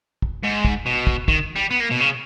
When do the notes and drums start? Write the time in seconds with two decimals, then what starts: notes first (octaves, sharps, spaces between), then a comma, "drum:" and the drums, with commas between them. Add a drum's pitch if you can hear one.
0.22 drum: kick
0.43 G#2
0.65 drum: kick
0.86 B2
1.07 drum: kick
1.28 D#3, drum: kick
1.56 G3
1.71 B3
1.80 A#3
1.91 B2
2.02 C#3